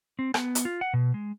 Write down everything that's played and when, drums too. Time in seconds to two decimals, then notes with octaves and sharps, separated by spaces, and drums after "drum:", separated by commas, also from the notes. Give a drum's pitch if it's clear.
0.19 C4
0.34 B3, drum: rim click
0.55 drum: hi-hat
0.65 F4
0.81 F#5
0.94 B2
1.14 G#3